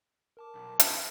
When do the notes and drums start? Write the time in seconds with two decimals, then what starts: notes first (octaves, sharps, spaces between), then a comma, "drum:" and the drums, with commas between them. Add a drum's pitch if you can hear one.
0.37 A#4 A5 D6
0.55 B1
0.79 C#4 F4, drum: hi-hat
0.92 A4 G5 G#5 A#6